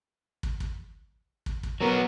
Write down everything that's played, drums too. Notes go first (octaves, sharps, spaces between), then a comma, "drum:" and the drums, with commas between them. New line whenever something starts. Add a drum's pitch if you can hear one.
drum: kick
drum: kick
drum: kick
drum: kick
F#3 B3 A#4